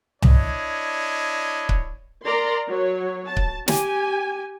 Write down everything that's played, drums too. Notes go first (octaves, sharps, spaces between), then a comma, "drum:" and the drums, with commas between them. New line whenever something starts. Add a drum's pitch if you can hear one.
D4 E4 C#5 D#5, drum: tom C2
drum: kick C#1
A#4 D5 A#5 C6
F#3 C#5
A5
drum: kick C#1
G4 G#5, drum: snare